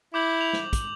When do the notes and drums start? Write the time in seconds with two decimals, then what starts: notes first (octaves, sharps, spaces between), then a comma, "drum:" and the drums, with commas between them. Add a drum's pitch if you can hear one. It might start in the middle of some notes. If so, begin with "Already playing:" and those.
0.14 E4 D6 G6 F#7
0.41 F7
0.53 drum: snare
0.73 drum: kick, hi-hat